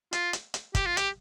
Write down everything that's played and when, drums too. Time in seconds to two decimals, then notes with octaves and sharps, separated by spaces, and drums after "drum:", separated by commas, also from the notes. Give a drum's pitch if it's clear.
0.13 F4, drum: hi-hat
0.33 drum: hi-hat
0.54 drum: hi-hat
0.75 G4, drum: kick, hi-hat
0.86 F4
0.97 G4, drum: hi-hat